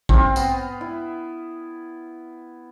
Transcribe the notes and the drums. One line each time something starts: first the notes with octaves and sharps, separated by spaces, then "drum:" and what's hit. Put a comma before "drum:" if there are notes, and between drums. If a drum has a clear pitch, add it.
C4 F5, drum: kick A#1
B3, drum: tambourine
E4